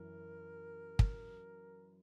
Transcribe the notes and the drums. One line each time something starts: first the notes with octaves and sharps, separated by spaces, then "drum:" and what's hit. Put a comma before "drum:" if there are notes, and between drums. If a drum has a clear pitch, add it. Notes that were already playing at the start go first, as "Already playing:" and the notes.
Already playing: F#2 E3 A#4
drum: kick